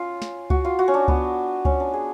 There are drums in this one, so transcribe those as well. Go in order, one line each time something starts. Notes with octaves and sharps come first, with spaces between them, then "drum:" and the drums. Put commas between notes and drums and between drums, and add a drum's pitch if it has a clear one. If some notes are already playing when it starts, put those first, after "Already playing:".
Already playing: C#4 F4
drum: snare
F#4, drum: kick C#2
F4
F#4
C#4
D4
B3, drum: kick C#2
C#4, drum: kick C#2
D4
G#4